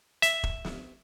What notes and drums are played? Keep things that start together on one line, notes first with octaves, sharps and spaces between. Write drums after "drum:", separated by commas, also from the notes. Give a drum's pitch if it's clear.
E5, drum: hi-hat
drum: kick E1
drum: snare